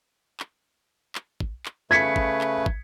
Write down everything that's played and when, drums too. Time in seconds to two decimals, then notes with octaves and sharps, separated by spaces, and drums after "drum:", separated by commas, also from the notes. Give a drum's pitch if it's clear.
0.40 drum: clap
1.15 drum: clap
1.40 drum: kick
1.66 drum: clap
1.91 C#3 A3 B4 G#6 B6 C#7
2.16 drum: kick
2.41 drum: clap
2.66 drum: kick